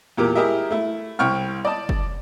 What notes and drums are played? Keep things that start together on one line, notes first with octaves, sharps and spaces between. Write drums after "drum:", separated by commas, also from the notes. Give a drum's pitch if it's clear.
E2 A#2 G4 A#4 D6
E4 G4 G#4 A#4 D#5 E5
A3 E4
C2 G5 C#6 F6
D5 D#5 A5
drum: kick